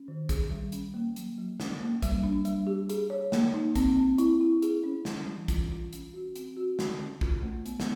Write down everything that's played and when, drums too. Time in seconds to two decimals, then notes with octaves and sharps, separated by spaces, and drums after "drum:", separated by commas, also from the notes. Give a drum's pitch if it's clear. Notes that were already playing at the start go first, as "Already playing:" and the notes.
Already playing: C#4
0.08 D#3
0.29 G#4, drum: kick A1, hi-hat
0.50 G3
0.72 C#4, drum: hi-hat
0.94 A#3
1.16 F#3, drum: hi-hat
1.38 F#3
1.60 C#4, drum: snare
1.81 A#3
2.02 G3, drum: kick A1, hi-hat
2.23 D4
2.45 G3, drum: hi-hat
2.67 G4
2.89 G#4, drum: hi-hat
3.10 C#5
3.32 A#3, drum: snare
3.54 D#4
3.76 C4, drum: kick A1, hi-hat
3.97 C4
4.18 E4, drum: hi-hat
4.41 E4
4.62 G#4, drum: hi-hat
4.84 C#4
5.05 G3, drum: snare
5.27 E3
5.48 F4, drum: kick A1, hi-hat
5.71 F4
5.93 C#4, drum: hi-hat
6.14 F#4
6.36 C4, drum: hi-hat
6.57 F#4
6.79 D3, drum: snare
7.01 C#4
7.21 F4, drum: kick A1
7.43 A3
7.66 B3, drum: hi-hat
7.80 drum: snare